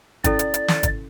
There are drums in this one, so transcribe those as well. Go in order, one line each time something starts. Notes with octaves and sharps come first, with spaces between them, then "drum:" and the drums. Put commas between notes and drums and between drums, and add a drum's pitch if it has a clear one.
C#4 E4 A4 D5, drum: kick, hi-hat
drum: hi-hat
drum: hi-hat
drum: snare
drum: kick, hi-hat